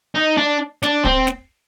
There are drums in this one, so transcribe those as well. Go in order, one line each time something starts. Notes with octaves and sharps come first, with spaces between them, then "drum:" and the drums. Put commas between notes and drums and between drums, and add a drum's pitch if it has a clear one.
D#4
D4
D4, drum: snare
C4, drum: kick
drum: snare